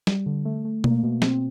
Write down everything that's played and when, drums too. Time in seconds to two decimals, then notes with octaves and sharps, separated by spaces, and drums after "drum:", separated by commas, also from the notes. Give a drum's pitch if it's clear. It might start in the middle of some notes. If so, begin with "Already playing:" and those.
0.07 G3, drum: snare
0.26 D3
0.45 A3
0.65 A3
0.84 A#3, drum: tom B2
1.03 B2
1.22 C4, drum: snare